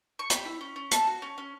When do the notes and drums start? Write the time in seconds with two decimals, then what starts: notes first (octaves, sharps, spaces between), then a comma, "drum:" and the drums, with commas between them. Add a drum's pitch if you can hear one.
0.19 C#6
0.30 G4 B5, drum: hi-hat
0.45 E4
0.61 C#4
0.76 C#4
0.91 A4, drum: hi-hat
1.07 F#4
1.22 C#4
1.38 C#4